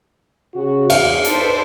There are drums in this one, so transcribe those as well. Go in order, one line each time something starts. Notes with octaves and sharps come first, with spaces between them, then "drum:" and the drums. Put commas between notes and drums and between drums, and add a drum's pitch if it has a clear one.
C#3 F#4
E2 F5, drum: cymbal
D#4 A4 B4 C5, drum: hi-hat